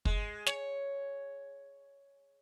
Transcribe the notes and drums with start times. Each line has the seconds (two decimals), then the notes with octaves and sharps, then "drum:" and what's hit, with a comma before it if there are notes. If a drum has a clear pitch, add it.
0.05 G#3, drum: kick
0.46 C#5, drum: snare